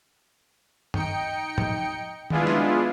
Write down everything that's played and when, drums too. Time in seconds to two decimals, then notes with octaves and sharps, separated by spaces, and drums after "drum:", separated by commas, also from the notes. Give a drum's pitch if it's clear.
0.94 D#4 G5 C#7, drum: tom
1.58 drum: tom
2.30 G#3 B3 D4 E4 F4 G#4, drum: tom
2.47 drum: snare